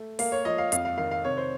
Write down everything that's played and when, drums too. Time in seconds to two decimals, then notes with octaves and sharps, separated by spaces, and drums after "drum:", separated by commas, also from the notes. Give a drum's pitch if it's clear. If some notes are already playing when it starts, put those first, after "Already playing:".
Already playing: A3
0.19 A#3 F5, drum: open hi-hat
0.32 C#5
0.45 F3 D#5
0.58 F5
0.72 F2 F5, drum: hi-hat
0.85 F5
0.98 D#3 F5
1.11 F5
1.24 C3 C#5
1.37 C5